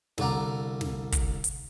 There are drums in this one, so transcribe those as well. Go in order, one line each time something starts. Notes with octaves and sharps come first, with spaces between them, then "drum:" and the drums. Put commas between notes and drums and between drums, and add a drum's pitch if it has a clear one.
C2 D3 F4 D5 F#5 A#5, drum: snare
drum: snare
drum: kick, hi-hat
drum: hi-hat